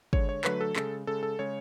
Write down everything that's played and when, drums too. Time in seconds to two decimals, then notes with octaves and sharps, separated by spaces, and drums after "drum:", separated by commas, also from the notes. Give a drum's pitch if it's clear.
0.13 D3 G#3 C#5, drum: kick
0.29 C#5
0.44 D3 F#3 A3 B4, drum: clap
0.61 A4
0.76 C#3 G#3 A4, drum: clap
1.07 C#3 G#3 A4
1.23 A4
1.39 C#3 G#3 C#5